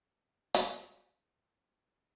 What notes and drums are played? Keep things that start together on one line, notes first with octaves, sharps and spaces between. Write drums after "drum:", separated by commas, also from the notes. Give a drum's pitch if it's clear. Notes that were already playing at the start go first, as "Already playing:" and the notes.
A3 C4 E4 G#4 C5
drum: hi-hat
F#3 A#3 D4 G4 C5
G3 B3 E4 A4
C3 D#3 F#3